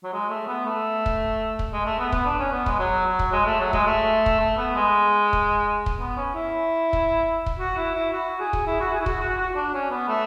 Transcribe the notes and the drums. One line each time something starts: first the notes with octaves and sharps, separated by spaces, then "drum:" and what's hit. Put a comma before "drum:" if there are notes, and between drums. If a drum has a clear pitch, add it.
F#3
G#3
A3
B3
A3
drum: kick
drum: kick
G#3
A3
B3
B3, drum: kick
D4
C#4
B3
G#3, drum: kick
F#3
F#3
drum: kick
G#3
A3
F#3
G#3, drum: kick
A3
drum: kick
A3
B3
G#3
drum: kick
drum: kick
B3
C#4
E4
drum: kick
drum: kick
F#4
E4
E4
F#4
G#4
drum: kick
E4
F#4
G#4
E4
F#4, drum: kick
F#4
F#4
D4
C#4
B3
A3